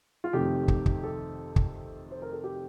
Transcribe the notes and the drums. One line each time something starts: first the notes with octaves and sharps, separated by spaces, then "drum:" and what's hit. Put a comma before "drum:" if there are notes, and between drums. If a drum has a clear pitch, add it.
F4
F2 C3 D#3 A3 G4
drum: kick
drum: kick
A4
drum: kick
C5
A#4
A4
G4